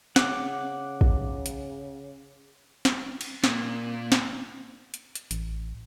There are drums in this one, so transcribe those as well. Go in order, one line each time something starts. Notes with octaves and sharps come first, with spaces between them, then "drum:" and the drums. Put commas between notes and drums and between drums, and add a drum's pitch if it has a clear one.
C#3 F#5 D6, drum: snare
drum: kick
drum: hi-hat
drum: snare
drum: cymbal
A#2, drum: snare
drum: snare
drum: hi-hat
drum: hi-hat
A1, drum: hi-hat